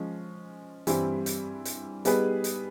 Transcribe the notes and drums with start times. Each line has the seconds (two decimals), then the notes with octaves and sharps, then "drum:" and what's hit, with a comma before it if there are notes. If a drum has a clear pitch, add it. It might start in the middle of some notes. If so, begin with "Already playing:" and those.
Already playing: F3 G#3 C#4
0.87 G2 E3 G3 C4 E4, drum: hi-hat
1.26 drum: hi-hat
1.65 drum: hi-hat
2.05 G3 B3 D#4 G#4 B4, drum: hi-hat
2.44 drum: hi-hat